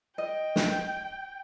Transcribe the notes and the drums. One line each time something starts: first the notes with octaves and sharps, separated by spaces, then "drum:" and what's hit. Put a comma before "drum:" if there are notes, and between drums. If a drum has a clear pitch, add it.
D#5 G5
drum: snare